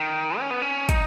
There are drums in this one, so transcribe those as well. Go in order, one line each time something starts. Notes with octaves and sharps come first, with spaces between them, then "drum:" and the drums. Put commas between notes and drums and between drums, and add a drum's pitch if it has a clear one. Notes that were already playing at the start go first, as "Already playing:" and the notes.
Already playing: D#3
C#4
B3
C#4
D#4, drum: kick, hi-hat